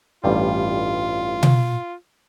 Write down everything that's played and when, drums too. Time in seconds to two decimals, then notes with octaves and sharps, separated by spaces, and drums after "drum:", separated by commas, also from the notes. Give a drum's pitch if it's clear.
0.24 A1 G2 G3 F4
1.43 drum: tom B2